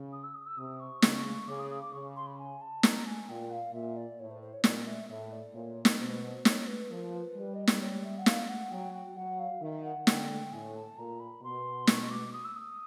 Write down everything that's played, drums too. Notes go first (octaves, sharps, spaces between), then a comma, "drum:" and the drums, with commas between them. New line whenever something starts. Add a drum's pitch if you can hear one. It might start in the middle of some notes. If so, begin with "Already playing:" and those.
Already playing: C#3
D#6
E6
D#6
E6
C3 D#6
C#6
C#3, drum: snare
C#3 D6
D#6
D#6
D6
C#3 C#6
C6
B5
G#5
A5
A#5, drum: snare
G#5
A#2 G5
F5
A#2 E5
D5
A2 C#5
C5
C5
C#5
A#2 D5, drum: snare
E5
A2 E5
D5
A#2 C#5
drum: snare
B2 C5
C5
C#5, drum: snare
B4
F3 A#4
B4
G3
D#5
D5, drum: snare
C#5
E5
F#5
F5, drum: snare
F#5
F#3 G5
G5
F#3 F#5
F5
D#3 E5
F#5
D3 G5, drum: snare
A2 G#5
A5
A#2 A#5
B5
B2 C6
C#6, drum: snare
C#6
D6
D#6
E6
D#6